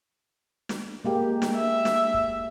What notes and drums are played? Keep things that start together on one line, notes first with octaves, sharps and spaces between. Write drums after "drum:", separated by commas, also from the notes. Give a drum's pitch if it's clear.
drum: snare
G#3 A#3 G4
drum: snare
E5
drum: snare
drum: kick